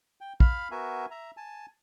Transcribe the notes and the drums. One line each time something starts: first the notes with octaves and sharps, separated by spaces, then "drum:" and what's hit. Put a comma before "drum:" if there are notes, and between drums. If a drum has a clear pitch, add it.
G5
F5 B5 F6, drum: kick
B3 F#4 A#4 E5 G#5
E5 A#5
G#5 A5